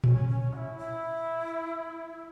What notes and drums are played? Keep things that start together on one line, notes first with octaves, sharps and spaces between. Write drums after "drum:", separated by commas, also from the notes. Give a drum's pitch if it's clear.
C#4, drum: tom A#2
C#4
F#4
E4
E4